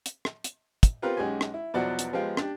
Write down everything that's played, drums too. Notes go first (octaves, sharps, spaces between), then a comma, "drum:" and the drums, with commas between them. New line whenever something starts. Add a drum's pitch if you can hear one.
drum: hi-hat
drum: rim click
drum: hi-hat
drum: kick, hi-hat
B3 C4 F4 G4 A#4 B4
B1 G#3 C#4 G4 G#5
drum: rim click
E4
E2 B2 F3 F#3 D5 F#5
drum: hi-hat
F3 G#3 B3 G4 F5 G5
D4 G4, drum: rim click